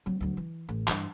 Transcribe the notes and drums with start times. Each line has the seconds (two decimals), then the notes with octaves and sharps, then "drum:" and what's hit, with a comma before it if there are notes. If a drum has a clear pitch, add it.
0.06 F#3 C4
0.20 D2 F#3
0.37 E3
0.69 A1
0.88 G2 E3, drum: clap